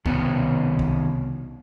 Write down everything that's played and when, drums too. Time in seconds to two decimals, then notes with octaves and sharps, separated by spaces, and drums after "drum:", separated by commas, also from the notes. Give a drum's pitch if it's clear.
0.06 C2 B2 D#3 B3 C#4, drum: kick C2
0.79 drum: kick C2